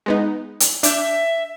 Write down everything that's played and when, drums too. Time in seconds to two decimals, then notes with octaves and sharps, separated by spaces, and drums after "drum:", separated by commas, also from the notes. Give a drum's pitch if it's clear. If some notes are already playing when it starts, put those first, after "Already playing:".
0.06 G#3 B3 D#4
0.60 drum: hi-hat
0.83 D4 E5 D6 G6, drum: hi-hat